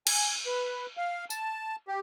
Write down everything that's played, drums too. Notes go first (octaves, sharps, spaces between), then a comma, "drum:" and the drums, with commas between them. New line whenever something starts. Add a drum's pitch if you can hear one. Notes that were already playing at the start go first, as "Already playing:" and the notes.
G#5, drum: cymbal
B4
F5
A5, drum: tambourine
G4